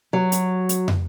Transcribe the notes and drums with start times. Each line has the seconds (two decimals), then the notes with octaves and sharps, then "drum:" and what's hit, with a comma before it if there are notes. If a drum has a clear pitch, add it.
0.13 F#3
0.32 drum: hi-hat
0.69 drum: hi-hat
0.88 drum: tom